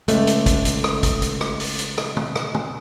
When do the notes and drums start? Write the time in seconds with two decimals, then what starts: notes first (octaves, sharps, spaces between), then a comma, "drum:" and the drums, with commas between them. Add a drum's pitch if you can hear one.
0.08 C#2 A3, drum: hi-hat
0.27 drum: hi-hat
0.46 drum: kick, hi-hat
0.65 drum: hi-hat
0.84 drum: rim click
1.03 drum: kick, hi-hat
1.22 drum: hi-hat
1.41 drum: rim click
1.60 drum: open hi-hat
1.79 drum: hi-hat
1.98 drum: rim click
2.17 drum: tom
2.36 drum: rim click
2.54 drum: tom